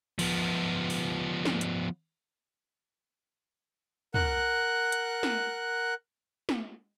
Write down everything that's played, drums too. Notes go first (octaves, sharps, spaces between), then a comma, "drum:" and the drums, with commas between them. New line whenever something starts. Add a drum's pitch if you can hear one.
F3 B3, drum: cymbal
drum: open hi-hat
drum: snare
drum: hi-hat
A#4 F#5 F#6, drum: tom
drum: hi-hat
drum: snare
drum: snare